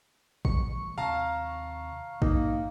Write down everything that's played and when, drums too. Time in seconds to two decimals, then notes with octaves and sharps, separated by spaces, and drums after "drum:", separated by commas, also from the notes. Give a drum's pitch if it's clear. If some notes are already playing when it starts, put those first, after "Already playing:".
0.45 A1 G3 C#6, drum: kick G#1
0.98 D#2 C3 F5 A5 A#5
2.22 G#2 F3 A#3 D#4, drum: kick G#1